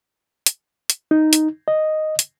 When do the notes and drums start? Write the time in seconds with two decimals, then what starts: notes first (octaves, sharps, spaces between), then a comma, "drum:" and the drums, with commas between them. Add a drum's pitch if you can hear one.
0.46 drum: hi-hat
0.90 drum: hi-hat
1.11 D#4
1.33 drum: hi-hat
1.68 D#5
2.19 drum: hi-hat